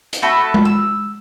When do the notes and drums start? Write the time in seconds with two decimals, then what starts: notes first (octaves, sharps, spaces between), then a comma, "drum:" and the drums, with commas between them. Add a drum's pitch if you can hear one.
0.13 drum: hi-hat
0.22 A3 F#4 A4 B5
0.54 drum: tom G#3
0.65 E6